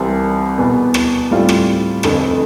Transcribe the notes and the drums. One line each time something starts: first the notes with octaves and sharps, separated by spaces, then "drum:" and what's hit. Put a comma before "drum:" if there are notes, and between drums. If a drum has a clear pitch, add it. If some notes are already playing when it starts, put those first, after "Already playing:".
Already playing: C2 C3 E3 G3 C4
E2 B2 B3
drum: rim click
A2 G3 C4 F4
drum: rim click
F1 F2 D3, drum: rim click